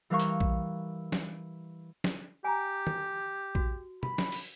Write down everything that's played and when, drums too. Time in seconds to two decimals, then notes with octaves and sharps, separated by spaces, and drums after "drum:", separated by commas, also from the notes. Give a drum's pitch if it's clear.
0.10 E3 G3 A#4 F5 A#5 C#6
0.19 drum: hi-hat
0.40 drum: kick A#1
1.12 drum: snare
2.04 drum: snare
2.44 G4 G#5 A#5
2.87 drum: tom D#3
3.55 F#4, drum: kick A#1
4.03 B5, drum: tom
4.18 drum: snare
4.32 drum: open hi-hat